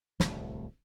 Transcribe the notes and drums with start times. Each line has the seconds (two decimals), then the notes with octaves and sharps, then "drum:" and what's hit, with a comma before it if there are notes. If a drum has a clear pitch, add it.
0.20 D1 C2 A3, drum: snare